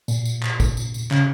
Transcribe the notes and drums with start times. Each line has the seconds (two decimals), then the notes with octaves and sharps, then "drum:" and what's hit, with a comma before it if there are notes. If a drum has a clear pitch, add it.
0.08 A#2, drum: tambourine
0.25 drum: tambourine
0.43 drum: clap
0.60 drum: kick, tambourine
0.77 drum: tambourine
0.94 drum: tambourine
1.11 C#3, drum: clap